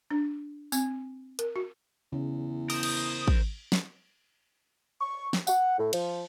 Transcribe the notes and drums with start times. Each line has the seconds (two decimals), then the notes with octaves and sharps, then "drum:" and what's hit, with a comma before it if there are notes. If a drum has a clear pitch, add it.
0.11 D4
0.72 C4, drum: tambourine
1.39 A#4, drum: hi-hat
1.56 F#4
2.12 E2 C#3 C#4
2.70 A#4 C5 D#6, drum: open hi-hat
2.83 drum: cymbal
3.28 drum: kick
3.72 drum: snare
5.01 C#6
5.33 drum: snare
5.47 F#5, drum: tambourine
5.79 A2
5.93 F3, drum: cymbal